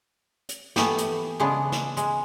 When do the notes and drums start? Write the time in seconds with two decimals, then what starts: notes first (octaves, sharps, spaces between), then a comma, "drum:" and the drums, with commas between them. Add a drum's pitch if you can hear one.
0.49 drum: hi-hat
0.76 E3 A3 B3 G4, drum: snare
0.98 drum: hi-hat
1.40 C#3 E3 G#3 B3 D4
1.72 drum: snare
1.97 G#3, drum: hi-hat